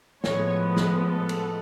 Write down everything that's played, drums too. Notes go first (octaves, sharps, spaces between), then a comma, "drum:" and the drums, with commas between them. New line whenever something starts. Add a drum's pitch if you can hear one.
A2 F3 G#3 B3 C#5, drum: snare
drum: snare
A4
drum: cymbal